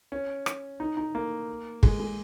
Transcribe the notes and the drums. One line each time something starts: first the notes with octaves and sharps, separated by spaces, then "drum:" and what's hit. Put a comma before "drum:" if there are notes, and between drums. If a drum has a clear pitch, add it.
C#4
drum: rim click
D#4
D#4
A#3
G#3, drum: kick
G#3